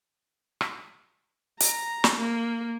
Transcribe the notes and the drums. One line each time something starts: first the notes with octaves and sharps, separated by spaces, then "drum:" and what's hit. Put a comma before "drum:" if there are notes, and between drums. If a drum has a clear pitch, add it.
drum: rim click
A#5, drum: hi-hat
drum: snare
A#3